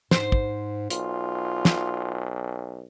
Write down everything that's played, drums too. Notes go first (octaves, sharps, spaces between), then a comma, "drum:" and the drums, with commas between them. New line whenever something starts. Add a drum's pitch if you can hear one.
G#2 C5, drum: snare
drum: kick
B1 F4, drum: hi-hat
drum: snare